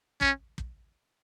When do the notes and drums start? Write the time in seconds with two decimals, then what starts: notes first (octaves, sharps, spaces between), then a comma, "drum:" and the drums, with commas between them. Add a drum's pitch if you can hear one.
0.21 C#4, drum: kick
0.58 drum: kick